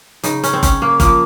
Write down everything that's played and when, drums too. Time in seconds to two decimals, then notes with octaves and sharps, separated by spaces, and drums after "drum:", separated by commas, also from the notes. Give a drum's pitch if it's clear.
0.23 C#3 D#4, drum: hi-hat
0.43 C#4, drum: hi-hat
0.53 C4
0.63 C#3 C#4, drum: kick F#1, hi-hat
0.82 A#3
1.00 F3 A#3, drum: kick F#1, hi-hat